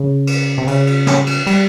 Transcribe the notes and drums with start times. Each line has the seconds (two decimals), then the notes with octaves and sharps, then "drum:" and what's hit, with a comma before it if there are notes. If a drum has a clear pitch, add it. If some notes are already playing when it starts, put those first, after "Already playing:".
Already playing: C#3
0.27 drum: cymbal
0.58 C3
0.67 C#3, drum: cymbal
0.87 drum: cymbal
1.07 drum: snare
1.27 drum: cymbal
1.47 G3, drum: cymbal